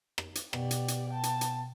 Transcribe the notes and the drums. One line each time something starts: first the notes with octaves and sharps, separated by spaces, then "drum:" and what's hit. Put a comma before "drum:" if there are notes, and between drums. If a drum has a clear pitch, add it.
drum: rim click
drum: hi-hat
B2 G4 D5, drum: rim click
drum: hi-hat
drum: hi-hat
G5 A5
drum: hi-hat
drum: hi-hat